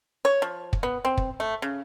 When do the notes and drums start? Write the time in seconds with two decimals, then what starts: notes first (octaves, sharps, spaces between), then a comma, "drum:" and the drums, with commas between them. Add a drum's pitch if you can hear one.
0.25 C#5
0.42 F3
0.73 drum: kick
0.83 B3
1.05 C4
1.17 drum: kick
1.40 A3
1.62 C#3